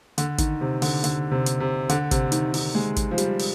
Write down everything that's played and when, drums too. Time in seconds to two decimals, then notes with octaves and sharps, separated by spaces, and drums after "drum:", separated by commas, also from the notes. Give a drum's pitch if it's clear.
0.18 D3, drum: hi-hat
0.38 D#3, drum: kick, hi-hat
0.61 C3
0.82 D3, drum: open hi-hat
1.04 D3, drum: hi-hat
1.31 C3
1.46 drum: hi-hat
1.60 C3
1.89 D3, drum: hi-hat
2.11 C3, drum: kick, hi-hat
2.32 D#3, drum: hi-hat
2.54 D#3, drum: open hi-hat
2.75 G#3
2.96 drum: kick, hi-hat
3.11 F3
3.18 G3, drum: hi-hat
3.39 drum: open hi-hat